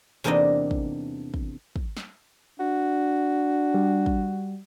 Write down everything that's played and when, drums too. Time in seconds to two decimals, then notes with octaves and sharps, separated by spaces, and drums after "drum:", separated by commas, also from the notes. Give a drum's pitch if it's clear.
0.24 E2 C3 A#3 D4 D#4 D#5
0.71 drum: kick
1.34 drum: kick
1.76 drum: kick
1.97 drum: snare
2.59 D4 F#4
3.74 G3
4.06 drum: kick